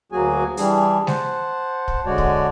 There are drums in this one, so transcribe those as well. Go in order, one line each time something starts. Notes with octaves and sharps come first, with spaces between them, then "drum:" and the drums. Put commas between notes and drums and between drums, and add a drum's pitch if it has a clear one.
D2 F#3 A#3 F#4 G#4 G#5
E3 G3 D4 G#4, drum: hi-hat
C5 F#5 A5, drum: snare G#3
drum: kick
D3 G#3 F#4 C#5 D5
drum: kick